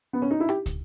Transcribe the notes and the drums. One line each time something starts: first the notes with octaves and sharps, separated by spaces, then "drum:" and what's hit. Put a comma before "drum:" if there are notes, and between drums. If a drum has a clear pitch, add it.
B3
C#4
D#4
E4
G4, drum: rim click
drum: kick, hi-hat